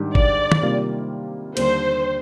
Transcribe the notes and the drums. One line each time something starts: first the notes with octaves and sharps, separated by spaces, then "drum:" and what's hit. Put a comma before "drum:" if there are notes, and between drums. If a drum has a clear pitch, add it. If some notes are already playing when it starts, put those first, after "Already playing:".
Already playing: G#2 D#3 G3 D4 G4
D5, drum: kick G1
drum: tom
C3 D#3 G3 A#3 F4
D#2 D3 G3 A#3 D4 C5, drum: cymbal